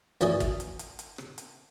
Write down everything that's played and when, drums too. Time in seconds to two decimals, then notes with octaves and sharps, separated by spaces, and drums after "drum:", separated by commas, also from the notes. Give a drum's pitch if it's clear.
0.21 F#2 E3 A3 D5 D#5 G#5, drum: hi-hat
0.40 drum: kick, hi-hat
0.60 drum: hi-hat
0.79 drum: hi-hat
0.99 drum: hi-hat
1.18 drum: rim click
1.38 drum: hi-hat